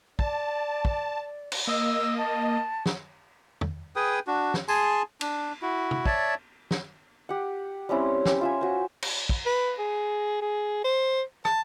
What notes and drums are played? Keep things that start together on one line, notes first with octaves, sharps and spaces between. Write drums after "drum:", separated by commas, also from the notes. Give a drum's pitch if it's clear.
D5 A5, drum: kick
drum: kick
drum: cymbal
A#3 D#5 E6
A5
drum: snare
drum: tom
G#4 B4 G5 D#6
D4 F#4
drum: snare
G#4 G#5 A5 C6, drum: tambourine
D4, drum: cymbal
E4 F#4
drum: tom
C#5 D5 E5 A5, drum: kick
drum: snare
G4 F#5
G3 C4 C#4 E4
C#4 G4, drum: snare
F4 E5 G#5
F#4 C5
drum: cymbal
drum: kick
B4
G#4
G#4
C5
A5, drum: rim click